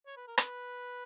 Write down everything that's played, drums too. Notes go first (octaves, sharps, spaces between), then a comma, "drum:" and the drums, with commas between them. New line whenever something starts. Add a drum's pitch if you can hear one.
C#5
B4
A#4
B4, drum: rim click